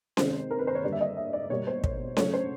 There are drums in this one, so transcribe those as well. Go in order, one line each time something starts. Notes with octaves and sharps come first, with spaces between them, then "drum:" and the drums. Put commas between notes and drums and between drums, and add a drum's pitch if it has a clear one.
C3 D#3 G#3 C5, drum: snare C#4
A#4
B4
C5
C#5
D3 G3 A#3 D5
E5
D#5
E5
D5
B2 G3 A#3 C#5
C5
C#5, drum: kick
C#3 F#3 A3 C#5, drum: snare C#4
C5